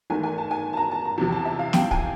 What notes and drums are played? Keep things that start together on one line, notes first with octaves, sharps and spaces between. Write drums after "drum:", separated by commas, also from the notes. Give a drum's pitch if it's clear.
G#1 G#2 E3 A3 G#5
G#5
A5
G#5
A5
A#5
A5
A#5
E2 C3 F3
A5
E5
F5
G5, drum: snare
G#5, drum: kick